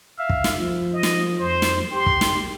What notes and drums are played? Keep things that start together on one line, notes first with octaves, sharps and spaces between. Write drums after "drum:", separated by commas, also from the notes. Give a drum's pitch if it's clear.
E5 F5
drum: kick
drum: snare
F3
D#5
drum: snare
F2 C5
drum: snare
G4 C6
drum: kick
drum: snare